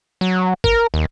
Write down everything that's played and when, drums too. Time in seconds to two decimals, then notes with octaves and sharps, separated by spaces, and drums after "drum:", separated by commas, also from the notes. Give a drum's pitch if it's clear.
0.21 F#3
0.64 A#4, drum: kick
0.94 D#2